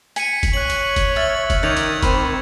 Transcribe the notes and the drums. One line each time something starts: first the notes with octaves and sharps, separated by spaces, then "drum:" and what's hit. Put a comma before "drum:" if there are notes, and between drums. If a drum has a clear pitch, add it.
G#5 B6 C#7 D#7, drum: hi-hat
drum: kick F1, hi-hat
C#5 F#6 F#7
drum: hi-hat
drum: kick F1, hi-hat
E5 E6 F6 A6
drum: kick F1, hi-hat
D#3 D5 C#6 G#6 F7
drum: hi-hat
C4 C5 B5, drum: kick F1, hi-hat